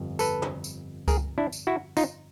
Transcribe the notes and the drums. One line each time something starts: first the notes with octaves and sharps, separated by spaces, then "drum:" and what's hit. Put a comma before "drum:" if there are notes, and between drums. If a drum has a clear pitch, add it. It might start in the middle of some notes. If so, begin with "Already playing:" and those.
Already playing: G1 F2
A4 B4, drum: tambourine
drum: tom
drum: tambourine
G#4 A#4, drum: kick C#2, tambourine
D4 E4
drum: tambourine
E4 F#4
D#4 F4, drum: tambourine